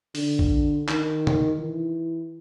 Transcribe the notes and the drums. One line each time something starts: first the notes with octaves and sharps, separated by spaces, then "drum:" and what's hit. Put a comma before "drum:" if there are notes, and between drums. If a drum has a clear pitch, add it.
D3, drum: open hi-hat
drum: kick
D#3, drum: clap
drum: tom
E3